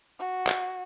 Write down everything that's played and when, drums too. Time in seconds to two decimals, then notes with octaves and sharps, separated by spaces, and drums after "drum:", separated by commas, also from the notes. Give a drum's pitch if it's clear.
0.19 F#4
0.47 drum: clap